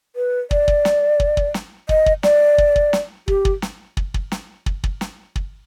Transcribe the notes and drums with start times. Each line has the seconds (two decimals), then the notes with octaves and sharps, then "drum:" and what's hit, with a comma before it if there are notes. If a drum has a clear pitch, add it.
0.16 B4
0.51 D5, drum: kick
0.68 drum: kick
0.85 drum: snare
1.20 drum: kick
1.37 drum: kick
1.54 drum: snare
1.89 D#5, drum: kick
2.06 drum: kick
2.23 D5, drum: snare
2.58 drum: kick
2.76 drum: kick
2.93 drum: snare
3.28 G4, drum: kick
3.45 drum: kick
3.62 drum: snare
3.97 drum: kick
4.14 drum: kick
4.32 drum: snare
4.66 drum: kick
4.84 drum: kick
5.01 drum: snare
5.36 drum: kick